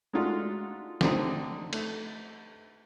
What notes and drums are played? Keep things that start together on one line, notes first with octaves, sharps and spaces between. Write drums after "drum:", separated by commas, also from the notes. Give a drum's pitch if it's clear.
G#3 A3 D4 D#4 F4 F#4
D3 A3 C4 D#4, drum: snare
A3, drum: cymbal